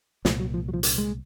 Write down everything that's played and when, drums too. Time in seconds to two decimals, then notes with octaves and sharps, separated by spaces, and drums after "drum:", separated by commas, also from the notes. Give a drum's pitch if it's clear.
0.25 C2 A#2 F3, drum: snare
0.39 F#3
0.54 F3
0.68 F#3
0.73 F3
0.83 drum: hi-hat
0.98 G#3